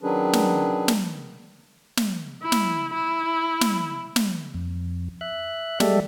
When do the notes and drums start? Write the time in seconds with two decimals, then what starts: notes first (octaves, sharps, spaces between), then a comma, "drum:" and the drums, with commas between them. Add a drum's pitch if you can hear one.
0.03 D#3 F#3 C#4 D4 G#4 B4
0.33 drum: snare
0.88 drum: snare
1.97 drum: snare
2.43 E4
2.52 drum: snare
2.93 E4
3.61 drum: snare
4.16 drum: snare
4.54 F2
5.21 E5 F#6
5.80 G3 G#3 G4 A4 D5 E5, drum: snare